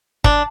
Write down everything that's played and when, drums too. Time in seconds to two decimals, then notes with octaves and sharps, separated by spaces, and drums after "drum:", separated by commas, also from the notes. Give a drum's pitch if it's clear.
0.24 D4, drum: kick